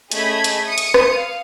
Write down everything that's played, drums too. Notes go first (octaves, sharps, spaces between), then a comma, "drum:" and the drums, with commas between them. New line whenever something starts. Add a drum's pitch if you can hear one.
A3 C#4 G#4 D#5 B5 G#6, drum: hi-hat
drum: hi-hat
D#6 C#7
drum: hi-hat
drum: rim click
F5